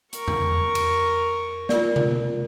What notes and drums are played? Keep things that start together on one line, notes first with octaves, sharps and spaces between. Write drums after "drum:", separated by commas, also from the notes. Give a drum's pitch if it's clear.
A#4 C#6, drum: hi-hat
drum: tom E2
drum: cymbal
F4 A#4 D5, drum: snare
drum: tom B2